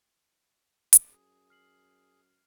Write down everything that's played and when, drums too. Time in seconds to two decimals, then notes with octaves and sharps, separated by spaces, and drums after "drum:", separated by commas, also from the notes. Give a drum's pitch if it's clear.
0.93 drum: hi-hat
1.12 F#2 G#4
1.50 F6 C7 F#7